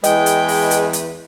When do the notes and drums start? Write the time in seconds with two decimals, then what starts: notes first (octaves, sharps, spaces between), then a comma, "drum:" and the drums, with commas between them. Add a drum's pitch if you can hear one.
0.04 E2 G#3 E4 B4 D#5 G5, drum: hi-hat
0.26 drum: hi-hat
0.48 drum: open hi-hat
0.71 drum: hi-hat
0.93 drum: hi-hat